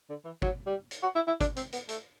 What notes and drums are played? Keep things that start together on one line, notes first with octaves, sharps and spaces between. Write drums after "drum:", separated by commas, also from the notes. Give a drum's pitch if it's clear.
D3
E3
F#3, drum: kick
G3
drum: hi-hat
F#4
E4
E4
D4, drum: kick, hi-hat
C4, drum: hi-hat
B3, drum: hi-hat
A3, drum: hi-hat